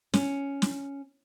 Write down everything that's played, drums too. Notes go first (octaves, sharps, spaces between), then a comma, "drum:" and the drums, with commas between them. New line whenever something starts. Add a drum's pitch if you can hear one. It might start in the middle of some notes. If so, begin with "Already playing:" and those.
C#4, drum: snare
drum: snare